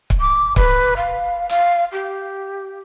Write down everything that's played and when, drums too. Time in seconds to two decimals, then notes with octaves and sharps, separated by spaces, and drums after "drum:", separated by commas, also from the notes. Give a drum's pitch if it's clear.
0.10 drum: kick C#1
0.20 D6
0.56 B4, drum: kick C#1
0.97 F5
1.49 F5, drum: hi-hat
1.92 G4